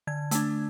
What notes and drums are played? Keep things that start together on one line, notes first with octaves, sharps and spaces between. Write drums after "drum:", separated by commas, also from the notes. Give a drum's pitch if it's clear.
D3 G#6
A3 D4, drum: hi-hat